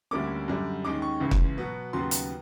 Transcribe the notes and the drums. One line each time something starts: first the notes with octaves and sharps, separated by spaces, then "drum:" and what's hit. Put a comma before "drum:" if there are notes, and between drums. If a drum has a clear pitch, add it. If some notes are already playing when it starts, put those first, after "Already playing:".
D2 D3 G3 A#3 C#4 D6
F#2 D3 G3
D#2 D#3 G#3 C#4 D6
C#6
C#2 C#3 E3
drum: kick
B2 F#3 B3
D#2 C#3 F#3 B3 C6
A#5, drum: hi-hat